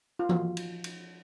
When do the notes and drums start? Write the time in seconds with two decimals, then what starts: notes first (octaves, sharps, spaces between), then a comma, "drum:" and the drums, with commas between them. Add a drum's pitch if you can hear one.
0.19 F4
0.29 F3 F#4, drum: tom E3
0.57 drum: cymbal
0.84 drum: cymbal